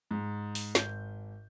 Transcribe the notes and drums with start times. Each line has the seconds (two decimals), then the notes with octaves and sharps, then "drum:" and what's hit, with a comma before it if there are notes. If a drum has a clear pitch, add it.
0.11 G#2
0.55 drum: open hi-hat
0.75 G#1 G6, drum: snare